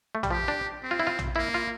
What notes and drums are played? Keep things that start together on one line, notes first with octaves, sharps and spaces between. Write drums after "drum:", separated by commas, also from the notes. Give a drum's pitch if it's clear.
A3
G3, drum: tom A#1
F3 G4
D4
C4
F4
E4
F4
drum: tom A#1
A#3 E4
F4